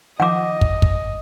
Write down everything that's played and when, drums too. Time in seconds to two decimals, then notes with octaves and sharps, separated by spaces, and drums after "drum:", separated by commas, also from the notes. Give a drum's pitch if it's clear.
0.20 D#3 F3 D#5 F#5 D6
0.61 drum: kick
0.82 drum: kick